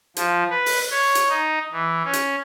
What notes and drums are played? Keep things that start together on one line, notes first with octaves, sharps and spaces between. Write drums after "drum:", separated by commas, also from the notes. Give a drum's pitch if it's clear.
F3, drum: hi-hat
B4
drum: open hi-hat
C#5
drum: hi-hat
D#4
E3
C#4
drum: hi-hat